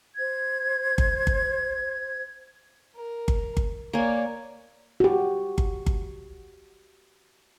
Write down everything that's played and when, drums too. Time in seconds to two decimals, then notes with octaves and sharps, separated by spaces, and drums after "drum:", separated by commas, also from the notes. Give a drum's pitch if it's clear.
0.16 C5 G#6
0.98 drum: kick G1
1.27 drum: kick G1
2.95 A#4
3.28 drum: kick G1
3.57 drum: kick G1
3.93 A#3 C#5 D5 G#5
5.00 F#4 G4
5.58 drum: kick G1
5.86 drum: kick G1